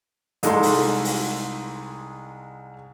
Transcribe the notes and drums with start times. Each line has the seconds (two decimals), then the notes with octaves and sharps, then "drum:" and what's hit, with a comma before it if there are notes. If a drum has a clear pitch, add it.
0.43 C2 G#3 D#4 A4 C6, drum: hi-hat
0.63 drum: open hi-hat
1.05 drum: open hi-hat